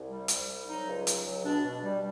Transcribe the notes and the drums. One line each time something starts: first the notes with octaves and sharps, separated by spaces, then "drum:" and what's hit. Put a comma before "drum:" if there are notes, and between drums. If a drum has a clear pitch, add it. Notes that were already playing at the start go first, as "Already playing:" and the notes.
Already playing: C2
G3
G3, drum: hi-hat
C2
F#3 D#4
C#2
F#3, drum: hi-hat
C#2
B2 D4
B2
G3